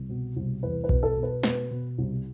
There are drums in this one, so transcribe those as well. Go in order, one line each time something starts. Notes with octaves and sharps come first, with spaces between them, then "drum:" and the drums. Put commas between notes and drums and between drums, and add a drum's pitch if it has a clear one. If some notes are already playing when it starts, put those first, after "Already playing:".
Already playing: C2
B2
C2
E2 B4
B4
B2, drum: kick B1
A4
B2
B4
B2 B4, drum: snare
B2
C2